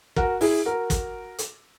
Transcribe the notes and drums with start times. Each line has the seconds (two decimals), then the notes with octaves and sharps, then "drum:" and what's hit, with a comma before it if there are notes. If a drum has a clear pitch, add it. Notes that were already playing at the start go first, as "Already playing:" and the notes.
0.16 F#4 A#4, drum: kick
0.41 E4 G#4, drum: open hi-hat
0.66 F#4 A#4
0.90 drum: kick, hi-hat
1.38 drum: hi-hat